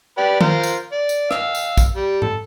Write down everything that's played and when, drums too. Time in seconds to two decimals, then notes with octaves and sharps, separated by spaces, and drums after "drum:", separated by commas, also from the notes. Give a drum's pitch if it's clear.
0.18 G4 B4 D5
0.41 F4 A#4 C5, drum: tom D#3
0.63 drum: tambourine
0.92 D5
1.09 drum: tambourine
1.31 F5 E6, drum: rim click
1.55 drum: tambourine
1.77 drum: kick, tambourine
1.96 G3
2.22 A4, drum: tom G#2